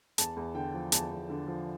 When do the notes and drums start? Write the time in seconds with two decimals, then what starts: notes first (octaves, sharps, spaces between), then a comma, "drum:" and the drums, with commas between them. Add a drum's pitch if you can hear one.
0.18 E2 A5, drum: hi-hat
0.36 E2
0.54 D3 G5
0.74 F3
0.92 E2 A5, drum: hi-hat
1.11 E2
1.30 D3
1.48 F3